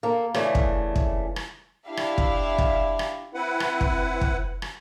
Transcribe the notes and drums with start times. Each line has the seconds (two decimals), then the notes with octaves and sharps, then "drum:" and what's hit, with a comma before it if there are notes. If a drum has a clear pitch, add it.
0.03 A#3 A4
0.34 C#3 E3 A3 D4, drum: rim click
0.55 drum: kick
0.96 drum: kick
1.36 drum: rim click
1.88 D4 E4 G4 E5 F5
1.97 drum: rim click
2.18 drum: kick
2.58 drum: kick
2.99 drum: rim click
3.34 C4 E4 B4 F#5
3.60 drum: rim click
3.81 drum: kick
4.21 drum: kick
4.62 drum: rim click